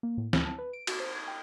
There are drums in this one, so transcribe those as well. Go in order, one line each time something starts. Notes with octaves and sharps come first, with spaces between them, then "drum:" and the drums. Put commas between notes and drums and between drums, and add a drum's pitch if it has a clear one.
A#3
A2
D2, drum: snare
A5
B4
D7
F#4, drum: cymbal
C5
G#6
G5